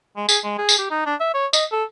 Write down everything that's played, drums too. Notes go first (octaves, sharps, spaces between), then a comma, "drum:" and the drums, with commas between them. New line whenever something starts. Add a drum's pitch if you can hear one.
G#3
G#4, drum: tambourine
G#3
G#4
drum: tambourine
G4
D#4
D4
E5
C#5
D#5, drum: tambourine
A4